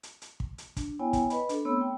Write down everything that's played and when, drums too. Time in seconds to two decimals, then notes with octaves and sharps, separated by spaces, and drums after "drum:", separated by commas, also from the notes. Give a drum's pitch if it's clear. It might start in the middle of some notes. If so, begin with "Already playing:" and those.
0.03 drum: hi-hat
0.22 drum: hi-hat
0.40 drum: kick
0.58 drum: hi-hat
0.77 D4, drum: kick, hi-hat
0.99 B3 E4 C#5 G5 G#5
1.13 drum: kick, hi-hat
1.30 B4 D#5 B5, drum: hi-hat
1.49 D4 A4, drum: hi-hat
1.65 A3 B3 C4 C#5 B5 E6
1.81 G5